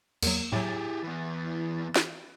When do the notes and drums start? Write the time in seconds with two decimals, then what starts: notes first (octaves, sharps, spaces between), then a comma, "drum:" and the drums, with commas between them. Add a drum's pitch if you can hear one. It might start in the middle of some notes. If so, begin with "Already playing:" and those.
0.23 E2 F#3 A#3, drum: cymbal
0.52 A2 F#3 E4 G4 G#4 A6
1.04 E3 B3
1.96 drum: snare